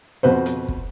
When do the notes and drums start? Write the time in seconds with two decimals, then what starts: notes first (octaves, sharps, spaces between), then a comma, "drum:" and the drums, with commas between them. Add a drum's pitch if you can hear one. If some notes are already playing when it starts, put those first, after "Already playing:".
0.23 F2 B2 B4 C5
0.46 drum: hi-hat
0.68 drum: kick